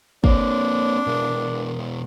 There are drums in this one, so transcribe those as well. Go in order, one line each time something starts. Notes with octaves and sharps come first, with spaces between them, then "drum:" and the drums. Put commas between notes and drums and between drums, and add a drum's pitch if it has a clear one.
A#3 C4 D4 C#5, drum: kick
B2 G#3 A#4